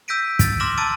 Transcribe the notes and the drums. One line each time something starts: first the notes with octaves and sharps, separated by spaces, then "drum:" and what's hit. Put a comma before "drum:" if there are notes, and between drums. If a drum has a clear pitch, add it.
E6 G6 A#6 B6 D7 D#7
A6 D7, drum: kick, hi-hat
C6 D6 F6 A#6 E7 F#7
A5 A#5 E6 A6 D7 D#7